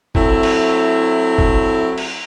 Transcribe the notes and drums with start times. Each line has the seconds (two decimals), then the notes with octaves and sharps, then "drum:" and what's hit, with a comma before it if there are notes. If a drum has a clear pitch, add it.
0.15 F#3 A3 C4 E4, drum: kick
0.43 drum: cymbal
1.38 drum: kick
1.98 drum: cymbal